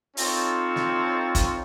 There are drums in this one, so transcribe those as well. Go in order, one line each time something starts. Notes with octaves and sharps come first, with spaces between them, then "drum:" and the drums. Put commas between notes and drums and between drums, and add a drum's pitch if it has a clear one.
C4 D#4 F4 A4 C5 C#5, drum: open hi-hat
drum: snare
drum: kick, hi-hat